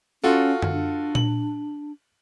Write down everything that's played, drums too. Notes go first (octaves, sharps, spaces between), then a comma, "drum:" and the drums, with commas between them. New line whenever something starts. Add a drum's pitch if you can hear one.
C#4 F4 F#4 A4
drum: tom F#2
D4
F#7, drum: tom A#2